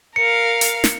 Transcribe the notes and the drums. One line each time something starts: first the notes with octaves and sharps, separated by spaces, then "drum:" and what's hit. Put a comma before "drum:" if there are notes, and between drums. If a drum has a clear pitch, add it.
A#4 F5 C#7
drum: hi-hat
drum: snare